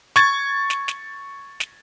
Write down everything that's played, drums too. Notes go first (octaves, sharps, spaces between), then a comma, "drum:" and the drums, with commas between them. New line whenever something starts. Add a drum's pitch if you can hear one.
C#6 G#6 A6, drum: snare
drum: snare
drum: snare
drum: snare